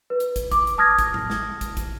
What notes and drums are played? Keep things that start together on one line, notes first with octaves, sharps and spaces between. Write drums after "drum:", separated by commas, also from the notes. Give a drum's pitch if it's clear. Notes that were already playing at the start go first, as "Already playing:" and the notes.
B4
drum: hi-hat
drum: kick, hi-hat
D6, drum: kick, hi-hat
drum: hi-hat
A5 D#6 F6 G#6 A#6
drum: kick, hi-hat
drum: tom A2
drum: snare
drum: kick, hi-hat
drum: kick, hi-hat